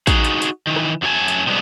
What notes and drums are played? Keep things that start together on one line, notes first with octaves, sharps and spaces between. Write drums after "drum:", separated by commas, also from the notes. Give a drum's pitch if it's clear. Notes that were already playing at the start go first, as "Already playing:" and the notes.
D#4 F#4 G#4, drum: kick, hi-hat
drum: hi-hat
drum: hi-hat
D#3 E3
drum: rim click
F#2 F#3 A3 D4 G#5 A5
drum: hi-hat
C3 F3 G3 G#3 B3 D4